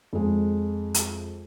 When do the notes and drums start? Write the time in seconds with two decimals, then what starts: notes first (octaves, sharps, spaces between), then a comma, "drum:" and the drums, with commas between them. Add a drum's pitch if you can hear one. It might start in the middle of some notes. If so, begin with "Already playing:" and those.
0.13 F2 G#3
0.94 drum: hi-hat